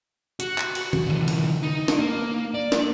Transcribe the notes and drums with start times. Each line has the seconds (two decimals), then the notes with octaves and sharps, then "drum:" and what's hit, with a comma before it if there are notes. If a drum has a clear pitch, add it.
0.40 F#4, drum: hi-hat
0.58 drum: clap
0.75 drum: cymbal
0.93 drum: tom D#3
1.06 D3 E3
1.28 drum: cymbal
1.63 D#4
1.88 drum: snare
1.99 A#3
2.54 D5
2.72 drum: snare